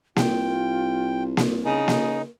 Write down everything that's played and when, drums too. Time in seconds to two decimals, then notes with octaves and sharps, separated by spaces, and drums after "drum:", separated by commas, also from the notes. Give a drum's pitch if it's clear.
0.16 C2 F4 G5, drum: snare A#3
1.37 drum: snare A#3
1.65 C#3 D#4
1.88 drum: snare A#3